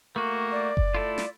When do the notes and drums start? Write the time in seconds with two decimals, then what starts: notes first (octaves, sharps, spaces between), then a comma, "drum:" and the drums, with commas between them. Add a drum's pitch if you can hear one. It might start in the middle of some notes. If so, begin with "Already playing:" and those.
0.16 A3 A#3 F#4
0.52 D5
0.77 drum: kick F#1
0.94 A3 E4 F4 A4
1.18 drum: snare